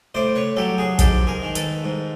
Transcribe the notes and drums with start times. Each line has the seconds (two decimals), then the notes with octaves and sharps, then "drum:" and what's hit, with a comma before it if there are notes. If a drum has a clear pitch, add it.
0.15 A2 C5 D5
0.35 B4 C#5
0.56 F#3 G4 A4
0.78 F#4 G#4
0.99 G#2 G4 A4, drum: kick, hi-hat
1.27 G#4 A#4
1.42 D#3
1.55 A4 B4, drum: hi-hat
1.84 G#2